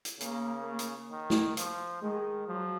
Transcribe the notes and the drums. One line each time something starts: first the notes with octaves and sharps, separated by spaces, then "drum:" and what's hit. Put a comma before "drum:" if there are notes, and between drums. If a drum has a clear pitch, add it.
drum: hi-hat
C#3 A#3, drum: hi-hat
drum: hi-hat
D#3
drum: snare
F3, drum: hi-hat
D#3 G#3
F3 F#3